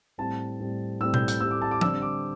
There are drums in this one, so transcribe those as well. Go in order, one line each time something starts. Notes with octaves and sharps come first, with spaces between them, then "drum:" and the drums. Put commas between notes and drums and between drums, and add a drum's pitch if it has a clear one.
A2 G3 C4 A5
A2 G3 C4
A2 G3 C4 E6
G6, drum: tom B2
G6, drum: hi-hat
A2 G3 C4 E6
D6
A5
D6
D3 G3 C4 E6, drum: tom F3
D6